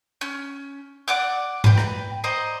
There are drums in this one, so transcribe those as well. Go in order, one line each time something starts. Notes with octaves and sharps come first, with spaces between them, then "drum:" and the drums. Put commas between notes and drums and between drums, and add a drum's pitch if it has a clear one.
C#4
D5 F#5 D6
B4 G5, drum: tom G#2
drum: rim click
C5 D5 D#5 A#5